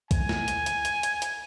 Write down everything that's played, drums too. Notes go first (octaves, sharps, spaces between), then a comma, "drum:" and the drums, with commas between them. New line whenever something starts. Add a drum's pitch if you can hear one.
G#5, drum: kick B1, hi-hat
drum: snare
drum: hi-hat
drum: hi-hat
drum: hi-hat
drum: hi-hat
drum: hi-hat